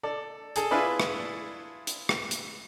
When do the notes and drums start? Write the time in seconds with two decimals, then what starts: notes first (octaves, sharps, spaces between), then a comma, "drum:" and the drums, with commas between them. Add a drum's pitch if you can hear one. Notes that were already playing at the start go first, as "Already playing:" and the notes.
0.03 A4 D5
0.56 G#4 A4, drum: hi-hat
0.71 E4 F4 G#4 B4 D5
1.00 drum: rim click
1.87 drum: hi-hat
2.09 drum: rim click
2.31 drum: hi-hat